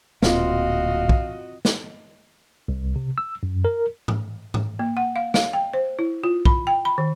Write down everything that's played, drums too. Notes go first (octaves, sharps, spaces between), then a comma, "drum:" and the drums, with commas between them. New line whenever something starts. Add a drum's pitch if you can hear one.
D1 A#2 C4 F4 F#4 D#5 F5, drum: snare
drum: kick
drum: snare
C2
C3
E6
F#2
A#4
drum: tom G#2
drum: tom G#2
A#3
F#5
F5
F5, drum: snare
G5
C5
E4
F4
B5, drum: kick
G5
B5
D#3